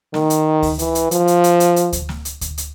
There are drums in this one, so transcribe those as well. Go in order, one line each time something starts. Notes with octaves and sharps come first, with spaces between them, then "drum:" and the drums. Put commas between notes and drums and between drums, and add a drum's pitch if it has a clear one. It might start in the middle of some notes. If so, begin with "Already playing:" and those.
D#3, drum: snare
drum: hi-hat
drum: kick D2, open hi-hat
E3, drum: hi-hat
drum: hi-hat
F3, drum: hi-hat
drum: hi-hat
drum: hi-hat
drum: hi-hat
drum: hi-hat
drum: kick D2, hi-hat
drum: snare
drum: hi-hat
drum: kick D2, hi-hat
drum: hi-hat